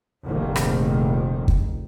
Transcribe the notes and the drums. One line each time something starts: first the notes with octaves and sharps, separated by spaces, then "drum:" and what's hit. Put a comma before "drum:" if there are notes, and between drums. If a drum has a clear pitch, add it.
F1 A#1 D#3
drum: rim click
drum: kick